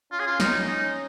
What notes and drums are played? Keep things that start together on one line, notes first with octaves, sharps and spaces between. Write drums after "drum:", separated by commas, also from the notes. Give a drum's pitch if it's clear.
C#4 F4
G#4
F4
D#4, drum: snare
D#4